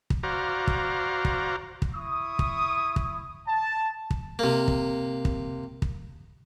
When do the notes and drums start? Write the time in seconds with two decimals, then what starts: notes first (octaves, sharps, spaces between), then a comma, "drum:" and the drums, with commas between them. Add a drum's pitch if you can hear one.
0.10 drum: kick
0.23 F#4 C5 D5 F5 A#5
0.67 drum: kick
1.25 drum: kick
1.82 drum: kick
1.94 E4 C#6 D#6
2.39 drum: kick
2.96 drum: kick
3.47 A5
4.10 drum: kick
4.39 C3 A#3
4.68 drum: kick
5.25 drum: kick
5.82 drum: kick